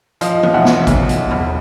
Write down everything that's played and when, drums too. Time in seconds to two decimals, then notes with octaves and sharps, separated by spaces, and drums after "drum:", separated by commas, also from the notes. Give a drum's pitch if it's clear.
0.21 F3 D#5 F5, drum: hi-hat
0.43 drum: tom E3
0.54 B1 E5 F#5
0.65 drum: snare
0.87 B1, drum: kick, hi-hat
1.09 drum: hi-hat
1.31 drum: tom E2